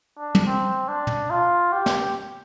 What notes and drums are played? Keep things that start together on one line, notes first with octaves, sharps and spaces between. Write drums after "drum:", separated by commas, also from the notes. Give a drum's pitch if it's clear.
D4
drum: tom
C4
D4
drum: tom
F4
G4
drum: snare